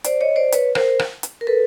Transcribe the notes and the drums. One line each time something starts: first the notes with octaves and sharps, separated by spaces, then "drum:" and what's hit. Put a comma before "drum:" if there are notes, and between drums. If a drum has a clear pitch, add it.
C5 D5, drum: hi-hat
C#5 D#5
C5 D5
B4 C#5, drum: hi-hat
A#4 C5, drum: rim click
drum: rim click
drum: hi-hat
A#4
A4 B4